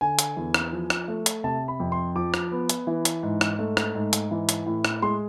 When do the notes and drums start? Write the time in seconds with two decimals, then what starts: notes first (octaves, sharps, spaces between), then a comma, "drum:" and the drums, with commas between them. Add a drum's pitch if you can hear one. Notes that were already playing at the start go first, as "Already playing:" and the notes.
0.01 D3 G#5
0.19 drum: hi-hat
0.37 E2
0.54 drum: rim click
0.73 F3
0.90 drum: rim click
1.08 A3
1.26 drum: hi-hat
1.44 C3 A5
1.68 B5
1.80 F2
1.92 C6
2.15 F3 D6
2.34 drum: rim click
2.52 B3
2.69 drum: hi-hat
2.87 E3
3.05 drum: hi-hat
3.23 G#2
3.41 drum: rim click
3.59 A3
3.77 drum: rim click
3.95 G#2
4.13 drum: hi-hat
4.31 E3
4.49 drum: hi-hat
4.66 A2
4.85 drum: rim click
5.02 G#3 C6